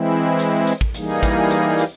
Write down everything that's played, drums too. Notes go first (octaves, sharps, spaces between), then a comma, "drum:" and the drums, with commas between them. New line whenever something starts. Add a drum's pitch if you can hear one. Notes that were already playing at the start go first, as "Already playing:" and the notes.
Already playing: E3 G#3 C4 E4
drum: hi-hat
drum: hi-hat
drum: kick
E3 G3 A#3 D#4 G#4, drum: hi-hat
drum: kick, hi-hat
drum: hi-hat
drum: hi-hat